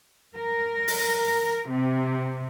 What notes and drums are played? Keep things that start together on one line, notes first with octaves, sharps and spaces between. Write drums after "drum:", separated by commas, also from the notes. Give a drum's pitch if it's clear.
A#4
drum: open hi-hat
C3